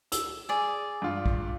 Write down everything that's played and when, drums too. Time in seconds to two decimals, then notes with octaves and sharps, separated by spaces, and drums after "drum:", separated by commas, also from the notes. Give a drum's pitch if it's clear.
0.12 E6, drum: hi-hat
0.49 G#4 D5
1.02 G2 F4
1.26 drum: kick A#1